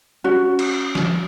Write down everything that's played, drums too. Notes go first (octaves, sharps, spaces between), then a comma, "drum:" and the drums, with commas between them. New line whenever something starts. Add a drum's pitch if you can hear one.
C#4 F#4
drum: cymbal
drum: snare